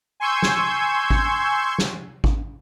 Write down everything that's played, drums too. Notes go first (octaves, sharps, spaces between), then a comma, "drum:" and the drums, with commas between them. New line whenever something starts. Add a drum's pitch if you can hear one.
G#5 C6 C#6 E6 G6 G#6
drum: snare
drum: kick G#1
drum: snare
drum: kick G#1